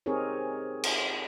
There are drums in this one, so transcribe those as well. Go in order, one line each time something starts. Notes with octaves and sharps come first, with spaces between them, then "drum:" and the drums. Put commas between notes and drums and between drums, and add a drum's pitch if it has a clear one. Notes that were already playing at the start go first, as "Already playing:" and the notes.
C4 D#4 G4 G#4 A#4 C#5
drum: cymbal